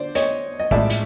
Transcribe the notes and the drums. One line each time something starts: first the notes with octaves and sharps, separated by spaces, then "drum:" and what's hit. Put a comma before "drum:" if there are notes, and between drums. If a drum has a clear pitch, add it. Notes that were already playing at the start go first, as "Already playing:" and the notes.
Already playing: D3 C5 D5
C#5 D#5, drum: hi-hat
D#5
A1 A2 F3 G#3 D5 E5, drum: kick
drum: hi-hat